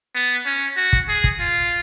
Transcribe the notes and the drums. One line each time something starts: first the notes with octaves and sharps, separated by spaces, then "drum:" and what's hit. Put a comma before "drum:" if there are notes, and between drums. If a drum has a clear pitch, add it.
B3
C#4
F#4
drum: kick
G#4
drum: kick
F4